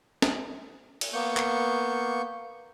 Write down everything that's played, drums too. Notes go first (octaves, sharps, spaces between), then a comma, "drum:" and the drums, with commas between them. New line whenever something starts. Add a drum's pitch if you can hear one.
drum: snare
drum: cymbal
A#3 B3 C#6 G6
drum: clap